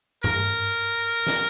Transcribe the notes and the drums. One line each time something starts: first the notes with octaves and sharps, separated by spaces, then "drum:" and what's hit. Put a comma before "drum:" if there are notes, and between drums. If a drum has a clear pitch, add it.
A#4, drum: tom G2
drum: snare